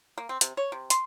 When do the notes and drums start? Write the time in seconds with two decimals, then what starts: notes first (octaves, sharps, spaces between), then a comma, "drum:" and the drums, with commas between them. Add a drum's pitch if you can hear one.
0.18 A#3
0.29 C4
0.41 C3, drum: hi-hat
0.57 C#5
0.72 C3
0.90 C6, drum: hi-hat